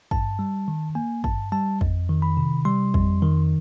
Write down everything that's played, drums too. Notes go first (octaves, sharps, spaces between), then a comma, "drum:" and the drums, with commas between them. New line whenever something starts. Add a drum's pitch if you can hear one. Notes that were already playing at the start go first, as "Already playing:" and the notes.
G2 A5, drum: kick G#1
G3
D#3
A#3 G#5
G2 A5, drum: kick G#1
G3 A5
F2, drum: kick G#1
D#3
B5
C3
G3 C6
F2, drum: kick G#1
D#3